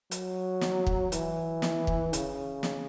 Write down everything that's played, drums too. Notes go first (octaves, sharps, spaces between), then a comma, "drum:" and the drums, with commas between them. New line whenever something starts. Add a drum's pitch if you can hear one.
F#3, drum: hi-hat
drum: snare
drum: kick
E3, drum: hi-hat
drum: snare
drum: kick
C#3, drum: hi-hat
drum: snare